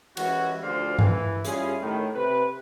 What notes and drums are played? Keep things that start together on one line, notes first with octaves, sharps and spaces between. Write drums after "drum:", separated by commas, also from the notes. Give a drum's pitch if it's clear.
E3 G#3 C#4 E4 F#4, drum: cymbal
D2 F3 F4 C5 D5 F5
E3, drum: tom G2
G3 C#4 E4 F4 G#4, drum: hi-hat
A2 D#3
C3 B4